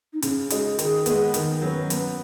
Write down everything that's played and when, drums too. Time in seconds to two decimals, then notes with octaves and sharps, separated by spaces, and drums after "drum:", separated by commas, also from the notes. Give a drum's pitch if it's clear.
0.13 D#4
0.22 C#3 C#4, drum: hi-hat
0.50 G#3 D#4 F#4 G#4, drum: hi-hat
0.79 D#3 G#4, drum: hi-hat
1.06 G#3 B3, drum: hi-hat
1.34 D#3, drum: hi-hat
1.62 F#3 C#4 B4
1.90 B3, drum: hi-hat